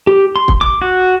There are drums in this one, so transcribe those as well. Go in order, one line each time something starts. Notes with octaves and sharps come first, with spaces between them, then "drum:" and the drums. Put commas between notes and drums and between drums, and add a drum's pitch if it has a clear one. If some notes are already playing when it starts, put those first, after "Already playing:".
G4
C6
drum: kick
D6
F#4